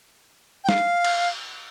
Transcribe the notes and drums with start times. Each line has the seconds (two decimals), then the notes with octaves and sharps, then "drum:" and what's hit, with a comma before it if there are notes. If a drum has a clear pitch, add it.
0.64 G5
0.69 F5, drum: snare
1.04 drum: cymbal